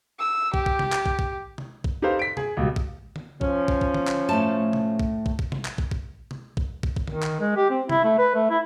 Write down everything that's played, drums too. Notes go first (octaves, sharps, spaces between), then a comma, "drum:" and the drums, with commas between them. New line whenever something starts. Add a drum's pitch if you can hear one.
E6
G4, drum: kick
drum: kick
drum: tom C3
drum: clap
drum: kick
drum: kick
drum: tom C3
drum: kick
D#4 G4 A4 B4 C5 F5
B6 D7
G#4, drum: tom C3
C#2 B2 G3
drum: kick
drum: tom D3
F3 C#4, drum: kick
drum: kick
drum: kick
drum: tom D3
drum: clap
A2 A3 A5
drum: tom C3
drum: kick
drum: kick
drum: kick
drum: tom C3
drum: clap
drum: kick
drum: kick
drum: tom C3
drum: kick
drum: kick
drum: kick
D#3, drum: tom D3
drum: clap
G#3
G4
C4
E4, drum: tom C3
A3
B4
A3
E4